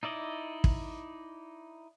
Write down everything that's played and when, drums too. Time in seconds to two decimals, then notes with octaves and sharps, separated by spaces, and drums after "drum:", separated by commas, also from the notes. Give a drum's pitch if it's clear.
0.03 D#4 E4 D5 D#5
0.64 drum: kick